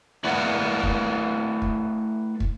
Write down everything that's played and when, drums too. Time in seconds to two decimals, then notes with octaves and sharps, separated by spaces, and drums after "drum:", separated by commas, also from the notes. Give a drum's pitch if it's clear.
0.24 A3 E4 B4 D5 F#5
0.83 drum: kick
1.62 drum: kick
2.40 drum: kick